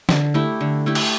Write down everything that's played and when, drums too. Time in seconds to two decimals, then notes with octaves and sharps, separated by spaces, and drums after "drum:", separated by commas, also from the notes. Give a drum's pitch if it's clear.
0.09 D3, drum: snare
0.34 A3 E4 G4
0.61 D3
0.86 A3 E4 G4
0.95 drum: cymbal